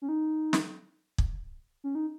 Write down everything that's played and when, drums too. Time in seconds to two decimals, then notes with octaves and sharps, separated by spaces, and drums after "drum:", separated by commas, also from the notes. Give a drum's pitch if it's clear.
0.02 C#4
0.09 D#4
0.53 drum: snare
1.18 drum: kick
1.84 C#4
1.95 D#4